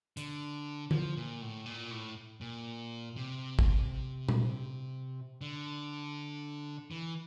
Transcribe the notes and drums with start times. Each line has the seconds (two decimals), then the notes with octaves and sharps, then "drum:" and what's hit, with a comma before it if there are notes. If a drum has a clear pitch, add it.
0.17 D3, drum: hi-hat
0.91 F3, drum: tom D3
1.17 A#2
1.41 A2
1.66 A#2
1.91 A2
2.41 A#2
3.17 C3
3.59 drum: kick
4.29 drum: tom A#2
5.41 D3
6.91 E3